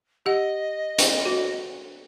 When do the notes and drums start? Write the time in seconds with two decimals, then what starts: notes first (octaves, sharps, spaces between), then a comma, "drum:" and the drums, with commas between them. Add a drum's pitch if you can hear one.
0.26 G4 D#5 F#5
0.99 drum: hi-hat
1.25 F#4